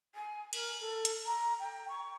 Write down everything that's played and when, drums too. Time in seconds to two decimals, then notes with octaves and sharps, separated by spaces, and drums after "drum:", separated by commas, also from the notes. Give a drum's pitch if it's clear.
0.15 G#5
0.53 A#4, drum: cymbal
0.80 A4
1.05 drum: hi-hat
1.26 A#5
1.60 G5
1.89 C#6